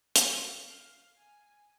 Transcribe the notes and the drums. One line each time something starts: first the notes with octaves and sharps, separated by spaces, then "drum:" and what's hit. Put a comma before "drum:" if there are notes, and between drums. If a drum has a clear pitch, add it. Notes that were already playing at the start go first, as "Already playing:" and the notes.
G5, drum: hi-hat
F5
G#5